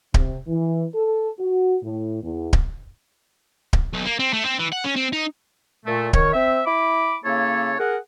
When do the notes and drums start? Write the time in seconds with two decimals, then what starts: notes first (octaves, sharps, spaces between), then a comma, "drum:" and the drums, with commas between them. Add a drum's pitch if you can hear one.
0.14 C3, drum: kick D1
0.47 E3
0.94 A4
1.39 F#4
1.83 A2
2.23 E2
2.53 drum: kick D1
3.73 drum: kick D1
3.93 B1
4.05 A#3
4.19 C4
4.33 A3
4.45 C4
4.59 E3
4.73 F#5
4.85 C#4
4.96 C4
5.13 D#4
5.86 A#2 A3
6.13 D#3 C#5, drum: kick D1
6.33 C4 E5
6.66 E4 B5 D6
7.25 C#3 A#3 E4 A4 C#5
7.79 G#4 A#4 F#5